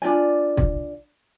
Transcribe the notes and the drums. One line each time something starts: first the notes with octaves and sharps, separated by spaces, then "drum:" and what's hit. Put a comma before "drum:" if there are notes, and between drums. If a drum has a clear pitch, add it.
D4 F4 D5 G#5
drum: kick